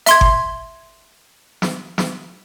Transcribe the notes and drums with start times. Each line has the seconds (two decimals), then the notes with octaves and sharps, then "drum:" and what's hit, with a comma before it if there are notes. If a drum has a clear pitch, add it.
0.06 E5 C6 G#6, drum: hi-hat
0.21 drum: kick G1
1.62 drum: snare
1.98 drum: snare